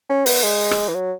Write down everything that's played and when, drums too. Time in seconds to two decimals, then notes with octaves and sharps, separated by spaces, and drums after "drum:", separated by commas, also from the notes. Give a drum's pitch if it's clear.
0.10 C#4
0.26 B3, drum: open hi-hat
0.43 G#3
0.71 drum: rim click
0.89 E3
0.95 F#3